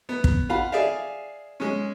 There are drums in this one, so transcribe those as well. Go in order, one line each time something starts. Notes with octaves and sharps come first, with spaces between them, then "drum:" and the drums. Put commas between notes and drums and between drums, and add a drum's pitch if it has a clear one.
B3
drum: kick
F4 F5 F#5 B5
G#4 D5 E5 F5
G#3 C#4